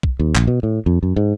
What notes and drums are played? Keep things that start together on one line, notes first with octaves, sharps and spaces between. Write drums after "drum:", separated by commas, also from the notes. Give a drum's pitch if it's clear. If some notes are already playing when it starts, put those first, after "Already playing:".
drum: kick
D#2
A#1, drum: clap
B2
A2
F2
F#2
G#2